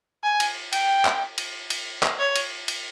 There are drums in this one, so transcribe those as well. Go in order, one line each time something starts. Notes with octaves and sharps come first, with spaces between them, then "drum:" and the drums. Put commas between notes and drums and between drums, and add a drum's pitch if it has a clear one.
G#5
drum: cymbal
G5, drum: cymbal
drum: clap
drum: cymbal
drum: cymbal
drum: clap
C#5
drum: cymbal
drum: cymbal